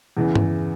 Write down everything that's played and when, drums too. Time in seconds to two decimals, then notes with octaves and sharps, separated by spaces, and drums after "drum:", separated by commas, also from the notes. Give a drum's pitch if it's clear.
0.17 E2 C#3 E3
0.35 drum: tom G2